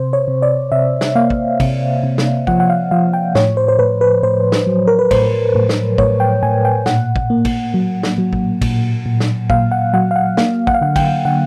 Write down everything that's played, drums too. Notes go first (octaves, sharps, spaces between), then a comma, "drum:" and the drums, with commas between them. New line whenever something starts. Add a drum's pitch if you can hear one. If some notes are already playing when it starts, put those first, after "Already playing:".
Already playing: C3 C5
C#5
C3
D5
C3 E5
drum: snare
A#3 F5
drum: kick
C3, drum: kick, cymbal
C3
drum: snare
F3 F#5, drum: kick
F#5
F5
F3 F5
G5
A2 C#5, drum: snare
C5
C5
A2 B4
B4
A2 C5
drum: snare
F#3
A#4
B4
A2 C5, drum: kick, cymbal
A2
drum: snare
A2 C#5, drum: kick
G5
A2 G#5
G5
A#2 F#5, drum: snare
drum: kick
A#3
drum: kick, cymbal
F#3
drum: snare
F#3
drum: kick
A#2, drum: kick, cymbal
A#2
drum: snare
A#2 F5, drum: kick
F#5
F#3 F#5
F5
F#5
A#3 F5, drum: snare
F#5, drum: kick
F5
D3 F#5
G5, drum: kick, cymbal
D3 F#5